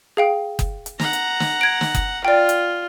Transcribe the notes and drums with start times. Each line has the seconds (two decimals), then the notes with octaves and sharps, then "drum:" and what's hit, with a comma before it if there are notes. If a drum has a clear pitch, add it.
0.17 G#4 F5 G5
0.59 drum: kick F#1, hi-hat
0.86 drum: hi-hat
0.99 F#5 A#5, drum: snare
1.13 drum: hi-hat
1.40 drum: snare
1.61 G#6 D7
1.81 drum: snare
1.94 drum: kick F#1, hi-hat
2.25 F4 D5 G5
2.49 drum: hi-hat